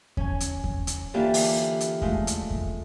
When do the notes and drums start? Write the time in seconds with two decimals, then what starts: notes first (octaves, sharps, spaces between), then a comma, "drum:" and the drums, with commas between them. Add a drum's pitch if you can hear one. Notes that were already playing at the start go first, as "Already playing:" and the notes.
0.17 C#4 G#5, drum: kick E2
0.40 drum: hi-hat
0.64 drum: kick E2
0.87 drum: hi-hat
1.14 D3 E3 A#3 F4 G4 A4
1.34 drum: open hi-hat
1.80 drum: hi-hat
2.02 G#3 A3 F4, drum: kick E2
2.27 drum: hi-hat
2.51 drum: kick E2